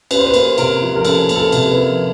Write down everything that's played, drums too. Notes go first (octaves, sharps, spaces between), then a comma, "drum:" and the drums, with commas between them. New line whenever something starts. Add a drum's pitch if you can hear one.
C#4 B4, drum: cymbal
C5
B4
A#3, drum: cymbal
C3 A#4, drum: cymbal
F3
A#4
C#4 A4, drum: cymbal
A#3, drum: cymbal
A4
C3, drum: cymbal
B4
F3